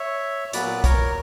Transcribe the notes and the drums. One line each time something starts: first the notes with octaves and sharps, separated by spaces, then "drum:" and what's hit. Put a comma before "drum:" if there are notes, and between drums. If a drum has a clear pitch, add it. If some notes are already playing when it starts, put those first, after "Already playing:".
Already playing: C#5 E5
A#2 F#3 B3 B4 D5, drum: hi-hat
A#4 C#5, drum: kick, hi-hat